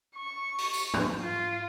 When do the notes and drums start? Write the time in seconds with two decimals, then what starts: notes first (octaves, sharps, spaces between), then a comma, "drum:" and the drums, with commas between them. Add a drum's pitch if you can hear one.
0.16 C#6
0.58 drum: open hi-hat
0.73 drum: tambourine
0.94 drum: tom
1.22 F4